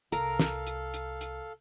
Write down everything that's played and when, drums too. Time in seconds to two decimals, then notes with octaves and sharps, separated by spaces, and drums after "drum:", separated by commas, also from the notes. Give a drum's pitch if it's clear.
0.12 C2 A4 A#4 F5, drum: hi-hat
0.39 drum: snare
0.67 drum: hi-hat
0.94 drum: hi-hat
1.21 drum: hi-hat